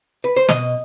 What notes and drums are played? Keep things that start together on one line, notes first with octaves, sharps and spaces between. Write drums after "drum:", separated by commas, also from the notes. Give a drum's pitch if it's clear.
B4
C5
B2 D#5, drum: snare